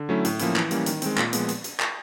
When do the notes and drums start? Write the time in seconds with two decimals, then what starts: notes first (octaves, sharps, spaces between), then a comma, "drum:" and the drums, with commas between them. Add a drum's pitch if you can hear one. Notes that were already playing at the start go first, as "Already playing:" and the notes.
Already playing: D3
0.09 F#3 A3 C#4 E4
0.25 A2, drum: hi-hat
0.39 F3 A#3 C#4 E4, drum: hi-hat
0.56 E3, drum: clap
0.71 G3 A#3 C#4, drum: hi-hat
0.86 D#3, drum: hi-hat
1.02 G#3 C4, drum: hi-hat
1.17 A#2, drum: clap
1.33 F3 G#3 B3, drum: hi-hat
1.49 drum: hi-hat
1.64 drum: hi-hat
1.80 drum: clap